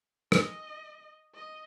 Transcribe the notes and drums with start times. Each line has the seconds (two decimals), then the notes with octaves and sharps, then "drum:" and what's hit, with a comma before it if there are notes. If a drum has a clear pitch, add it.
0.32 D#5, drum: rim click
1.34 D#5